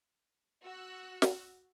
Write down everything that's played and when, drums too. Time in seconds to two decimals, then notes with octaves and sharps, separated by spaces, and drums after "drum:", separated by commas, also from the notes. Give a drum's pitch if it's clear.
0.64 F#4 E6 F#6
1.22 drum: snare